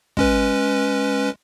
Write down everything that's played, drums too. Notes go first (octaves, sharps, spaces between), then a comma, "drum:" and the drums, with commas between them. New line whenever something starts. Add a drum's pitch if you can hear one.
G#3 C#4 B4, drum: kick